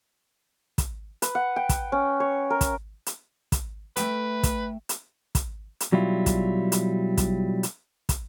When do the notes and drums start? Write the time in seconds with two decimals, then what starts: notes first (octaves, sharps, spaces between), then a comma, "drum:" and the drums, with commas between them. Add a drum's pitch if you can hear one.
0.78 drum: kick, hi-hat
1.22 B4, drum: hi-hat
1.35 F#5
1.56 G5
1.69 drum: kick, hi-hat
1.92 C#4
2.20 C#5
2.50 A#4
2.61 drum: kick, hi-hat
3.06 drum: hi-hat
3.52 drum: kick, hi-hat
3.97 A3 B4 E5 G5, drum: hi-hat
4.43 drum: kick, hi-hat
4.89 drum: hi-hat
5.35 drum: kick, hi-hat
5.80 drum: hi-hat
5.92 B2 F#3 G3 E4 F4
6.26 drum: kick, hi-hat
6.72 drum: hi-hat
7.17 drum: kick, hi-hat
7.63 drum: hi-hat
8.09 drum: kick, hi-hat